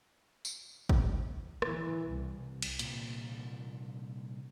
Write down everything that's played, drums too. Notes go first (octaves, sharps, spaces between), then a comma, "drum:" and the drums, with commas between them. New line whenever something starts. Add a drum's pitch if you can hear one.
drum: tambourine
drum: kick
E3, drum: rim click
C2
drum: cymbal
C2 A#2, drum: hi-hat